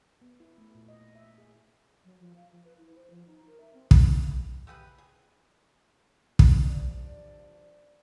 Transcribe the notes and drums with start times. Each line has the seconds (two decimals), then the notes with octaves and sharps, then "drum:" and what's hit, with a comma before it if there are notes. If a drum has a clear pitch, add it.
0.21 B3
0.40 E4
0.58 A3
0.75 A#2
0.88 D#5
1.15 E5
1.38 G#4
2.05 F#3
2.20 F3
2.36 F5
2.52 F3
2.64 B4
2.78 E4
2.95 C5
3.10 F3
3.27 D#4
3.47 A#4
3.60 E5
3.74 C4
3.91 drum: kick
4.13 E4
4.67 A3 G4 G#4 B4
4.98 G#4
6.39 drum: kick
6.65 G2 F3 D5